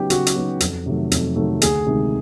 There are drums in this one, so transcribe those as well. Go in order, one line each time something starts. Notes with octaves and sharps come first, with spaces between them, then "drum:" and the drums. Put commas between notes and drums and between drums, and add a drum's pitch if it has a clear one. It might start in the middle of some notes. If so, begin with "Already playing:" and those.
Already playing: C#3 F#3 B3 D#4 G4
C#3 F#4, drum: hi-hat
drum: hi-hat
F#3 B3 D#4
F2, drum: hi-hat
C3 D#3 F#3 A3
F2, drum: hi-hat
C3 D#3 F#3 A3
D2 G#4, drum: hi-hat
C3 D#3 G#3